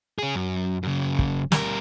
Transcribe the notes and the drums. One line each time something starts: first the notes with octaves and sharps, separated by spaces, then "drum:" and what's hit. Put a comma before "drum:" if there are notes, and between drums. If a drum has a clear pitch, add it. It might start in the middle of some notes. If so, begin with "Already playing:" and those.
C#4 G#4
F#2
F#2 C#3
drum: kick
G3 A#4, drum: snare